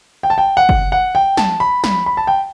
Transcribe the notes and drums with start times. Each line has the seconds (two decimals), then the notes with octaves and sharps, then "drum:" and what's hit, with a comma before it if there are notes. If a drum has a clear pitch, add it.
0.23 G5
0.30 A5
0.38 G5
0.57 F#5
0.69 drum: kick F#1
0.92 F#5
1.15 G5
1.37 A5, drum: snare
1.60 B5
1.84 B5, drum: snare
2.06 B5
2.17 A5
2.27 G5